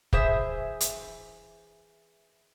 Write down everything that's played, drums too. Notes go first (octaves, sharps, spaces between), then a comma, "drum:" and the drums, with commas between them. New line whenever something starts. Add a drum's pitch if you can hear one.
E3 G#4 C5 E5, drum: kick
drum: hi-hat